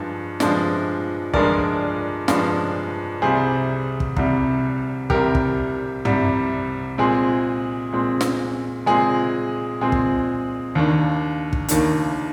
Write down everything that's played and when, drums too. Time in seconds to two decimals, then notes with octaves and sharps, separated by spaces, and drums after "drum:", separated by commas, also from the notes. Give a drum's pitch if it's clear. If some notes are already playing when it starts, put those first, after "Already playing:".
Already playing: G2 F3 G#3 D4
0.40 G2 F3 G#3 D4, drum: snare
1.34 G2 F3 G#3 D4 A#4 D5, drum: kick
2.28 G2 F3 G#3 D4, drum: snare
3.22 C2 C3 G3 G#4 C5
4.00 drum: kick
4.16 C2 C3 G3, drum: kick
5.10 C2 C3 G3 G4 A#4, drum: kick
5.35 drum: kick
6.05 C2 C3 G3, drum: tom
6.98 A#2 G#3 C4 G#4
7.92 A#2 G#3 C4
8.21 drum: snare
8.86 A#2 G#3 C4 G#4
9.81 A#2 G#3 C4 G#4
9.92 drum: kick
10.75 D#2 D#3 A#3 D4
11.53 drum: kick
11.68 D#2 D#3 A#3 D4, drum: hi-hat